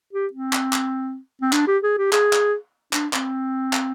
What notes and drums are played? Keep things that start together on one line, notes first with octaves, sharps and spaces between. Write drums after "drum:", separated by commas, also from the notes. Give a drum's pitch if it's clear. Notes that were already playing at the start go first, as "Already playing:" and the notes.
G4
C4
drum: clap
drum: clap
C4
D4, drum: clap
G4
G#4
G4
G#4, drum: clap
drum: clap
D4, drum: clap
C4, drum: clap
drum: clap